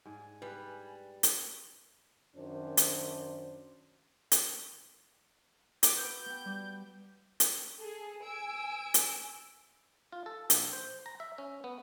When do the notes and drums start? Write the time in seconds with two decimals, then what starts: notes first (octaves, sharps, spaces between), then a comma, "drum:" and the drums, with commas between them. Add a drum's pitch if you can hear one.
0.05 G#2 G#3 D4 G#5
0.42 G3 B4
1.23 drum: hi-hat
2.35 F#2 D#3 D4 C5
2.77 drum: hi-hat
4.32 drum: hi-hat
5.83 F#4 D6, drum: hi-hat
5.96 B4 E6 G6
6.26 B3 G5
6.45 G3 D6
7.40 drum: hi-hat
7.78 G#4 A4
8.23 G#5 E6 D7
8.94 drum: hi-hat
10.12 F4
10.26 A4
10.50 A#1, drum: hi-hat
10.73 C5
11.06 A#5
11.20 E5
11.38 C#4
11.64 B3